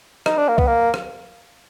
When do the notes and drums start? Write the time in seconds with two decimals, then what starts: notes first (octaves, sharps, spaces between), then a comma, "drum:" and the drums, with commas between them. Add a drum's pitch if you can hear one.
0.26 D#4, drum: rim click
0.37 D4
0.48 A#3
0.58 B3, drum: kick C2
0.67 A#3
0.94 drum: rim click